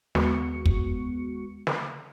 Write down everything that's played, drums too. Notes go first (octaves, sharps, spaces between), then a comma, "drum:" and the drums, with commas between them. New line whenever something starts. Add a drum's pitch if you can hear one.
D#2 G#3 B3 F#4 C#6 C#7, drum: snare
drum: kick
drum: snare